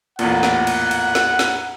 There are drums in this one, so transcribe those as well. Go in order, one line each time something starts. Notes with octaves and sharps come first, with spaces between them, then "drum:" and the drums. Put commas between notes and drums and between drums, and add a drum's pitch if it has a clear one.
A1 E2 A#2 F#5, drum: cymbal
drum: snare
drum: cymbal
drum: cymbal
drum: snare
drum: snare